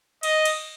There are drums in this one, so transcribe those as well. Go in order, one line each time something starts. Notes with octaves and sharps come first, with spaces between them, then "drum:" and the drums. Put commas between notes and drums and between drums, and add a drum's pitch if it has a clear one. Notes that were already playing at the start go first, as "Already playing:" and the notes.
D#5, drum: cymbal
drum: cymbal